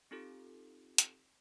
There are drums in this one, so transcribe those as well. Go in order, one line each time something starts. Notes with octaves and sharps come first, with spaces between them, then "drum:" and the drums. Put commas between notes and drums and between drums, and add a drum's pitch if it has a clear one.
C4 D#4 F4 G4 A4
drum: hi-hat